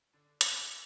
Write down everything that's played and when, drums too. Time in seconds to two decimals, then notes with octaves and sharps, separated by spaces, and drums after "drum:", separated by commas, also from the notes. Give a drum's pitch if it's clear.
0.14 D3 D4
0.41 C4, drum: hi-hat